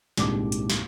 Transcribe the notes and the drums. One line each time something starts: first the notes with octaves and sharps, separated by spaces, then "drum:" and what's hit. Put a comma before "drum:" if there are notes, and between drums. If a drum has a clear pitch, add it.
D#1 C2 G#2 D#3 D4 D6, drum: snare
drum: hi-hat
drum: snare